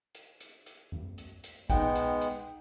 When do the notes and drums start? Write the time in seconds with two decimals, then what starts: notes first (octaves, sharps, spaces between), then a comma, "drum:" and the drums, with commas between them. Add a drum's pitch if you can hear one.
0.15 drum: hi-hat
0.40 drum: hi-hat
0.66 drum: hi-hat
0.92 drum: tom F#2
1.18 drum: hi-hat
1.44 drum: hi-hat
1.70 G#3 B3 D#4 F#5 G5, drum: kick, hi-hat
1.95 drum: hi-hat
2.21 drum: hi-hat